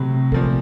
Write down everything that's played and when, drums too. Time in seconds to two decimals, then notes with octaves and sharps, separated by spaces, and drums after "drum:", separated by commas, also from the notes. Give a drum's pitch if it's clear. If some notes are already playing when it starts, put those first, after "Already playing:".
Already playing: A2 C3 F#3 A3 C4
0.32 A#2 F3 A3, drum: kick